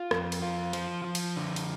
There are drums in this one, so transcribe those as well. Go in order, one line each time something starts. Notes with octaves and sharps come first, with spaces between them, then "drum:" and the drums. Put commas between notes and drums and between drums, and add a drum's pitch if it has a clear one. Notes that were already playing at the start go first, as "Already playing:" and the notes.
Already playing: F4
F2, drum: rim click
drum: cymbal
F4
F3, drum: cymbal
F3
drum: cymbal
D3
drum: cymbal